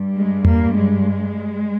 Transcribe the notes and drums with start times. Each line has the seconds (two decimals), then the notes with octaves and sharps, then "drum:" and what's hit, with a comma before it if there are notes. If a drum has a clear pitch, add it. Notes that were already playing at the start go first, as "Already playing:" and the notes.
Already playing: G2 G3
0.15 G#3
0.45 A#3, drum: tom E2
0.75 G#3